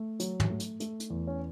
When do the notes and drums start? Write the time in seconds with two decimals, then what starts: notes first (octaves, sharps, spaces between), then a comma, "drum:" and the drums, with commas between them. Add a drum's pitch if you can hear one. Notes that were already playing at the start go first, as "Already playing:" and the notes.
Already playing: A3
0.20 F#3, drum: hi-hat
0.40 drum: tom
0.50 A3
0.60 drum: hi-hat
0.80 A3, drum: hi-hat
1.00 drum: hi-hat
1.10 E2
1.28 C#4